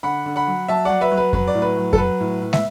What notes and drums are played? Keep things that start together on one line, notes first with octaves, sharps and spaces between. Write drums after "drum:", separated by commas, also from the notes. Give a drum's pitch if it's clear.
D3 F#5 B5
D3
F#5 B5
F#3
F#3 E5 A5
F#3 D5 F#5
B4 E5
F#3
B4
F#3 B4, drum: kick F2
D5
A2
B4
F#3
A4, drum: kick F2
F#3 B4
A2
A2
E5, drum: snare